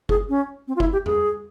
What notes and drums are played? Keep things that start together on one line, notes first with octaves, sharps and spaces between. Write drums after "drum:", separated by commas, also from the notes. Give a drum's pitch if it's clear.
G#4, drum: kick
C#4
C4
F4
E4, drum: kick
G4
G#4, drum: tom F2